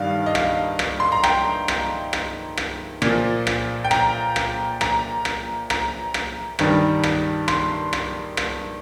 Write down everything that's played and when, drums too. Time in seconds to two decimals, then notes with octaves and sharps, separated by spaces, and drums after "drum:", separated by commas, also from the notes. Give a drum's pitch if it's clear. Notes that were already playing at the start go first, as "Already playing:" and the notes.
Already playing: G2 D#3 G3 F5
0.26 D#5
0.35 F5, drum: rim click
0.79 drum: rim click
1.00 C6
1.12 A#5
1.24 G5, drum: rim click
1.68 drum: rim click
2.13 drum: rim click
2.57 drum: rim click
3.02 A#2 F3, drum: rim click
3.47 drum: rim click
3.85 G5
3.91 A#5, drum: rim click
4.36 drum: rim click
4.81 A#5, drum: rim click
5.25 drum: rim click
5.70 A#5, drum: rim click
6.14 drum: rim click
6.59 G2 D#3 G3, drum: rim click
7.03 drum: rim click
7.48 C6, drum: rim click
7.93 drum: rim click
8.37 drum: rim click